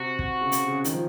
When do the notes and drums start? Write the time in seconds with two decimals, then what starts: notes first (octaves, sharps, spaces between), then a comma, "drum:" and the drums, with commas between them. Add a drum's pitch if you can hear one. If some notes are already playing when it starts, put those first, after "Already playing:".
Already playing: C3 F#4
0.19 drum: kick
0.41 C#3
0.52 C3, drum: hi-hat
0.68 C#3
0.84 D#3, drum: hi-hat
0.93 F3